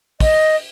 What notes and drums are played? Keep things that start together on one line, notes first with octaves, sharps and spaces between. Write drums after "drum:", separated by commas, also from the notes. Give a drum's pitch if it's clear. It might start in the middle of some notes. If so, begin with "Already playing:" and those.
D#5, drum: kick, open hi-hat